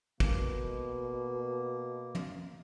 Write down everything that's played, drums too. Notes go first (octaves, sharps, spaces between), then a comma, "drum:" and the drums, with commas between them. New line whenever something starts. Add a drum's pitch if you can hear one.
B2 A#3, drum: kick
drum: tom